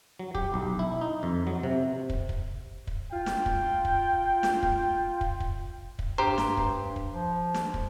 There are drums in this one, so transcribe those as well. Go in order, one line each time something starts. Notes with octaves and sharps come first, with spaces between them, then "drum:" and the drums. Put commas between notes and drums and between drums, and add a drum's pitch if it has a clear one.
F#3
G4, drum: kick
B1
E4
D#4
F2
F#3
C3
drum: kick
drum: kick
drum: kick
F4 G5
drum: snare
drum: kick
drum: kick
drum: snare
drum: kick
drum: kick
drum: kick
drum: kick
G2 G4 C5 A#5
drum: snare
drum: kick
drum: kick
F3
drum: snare
drum: kick